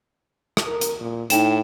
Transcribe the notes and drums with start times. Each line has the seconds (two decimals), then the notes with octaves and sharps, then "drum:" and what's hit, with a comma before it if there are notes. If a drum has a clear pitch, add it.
0.57 drum: rim click
0.67 A#4
0.81 drum: hi-hat
1.01 A#2
1.30 A2 D#4 G5 E7, drum: hi-hat